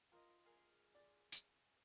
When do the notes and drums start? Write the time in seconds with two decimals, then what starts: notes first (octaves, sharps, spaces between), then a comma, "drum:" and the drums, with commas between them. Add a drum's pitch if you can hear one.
0.12 F4 A#4 C5 D#5
0.46 G#4 A#4
0.95 D5
1.32 drum: hi-hat